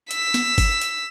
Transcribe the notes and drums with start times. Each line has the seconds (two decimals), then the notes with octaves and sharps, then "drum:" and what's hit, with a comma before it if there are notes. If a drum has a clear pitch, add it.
0.11 E6 B6, drum: hi-hat
0.34 drum: snare
0.58 drum: kick G1, open hi-hat
0.81 drum: hi-hat